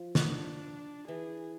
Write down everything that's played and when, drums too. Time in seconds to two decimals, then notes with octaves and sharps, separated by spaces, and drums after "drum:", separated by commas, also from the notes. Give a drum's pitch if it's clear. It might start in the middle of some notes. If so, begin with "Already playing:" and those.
Already playing: F3
0.15 drum: snare
0.24 D4
1.08 E3 G#4